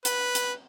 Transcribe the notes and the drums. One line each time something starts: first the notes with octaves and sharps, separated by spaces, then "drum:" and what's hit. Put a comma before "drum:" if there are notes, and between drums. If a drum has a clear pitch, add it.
B4, drum: hi-hat
drum: hi-hat